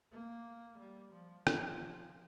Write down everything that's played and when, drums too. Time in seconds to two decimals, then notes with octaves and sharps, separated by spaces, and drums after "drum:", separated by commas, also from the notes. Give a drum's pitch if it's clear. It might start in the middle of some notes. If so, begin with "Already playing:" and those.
0.12 A#3
0.78 G3
1.13 F3
1.47 F3, drum: rim click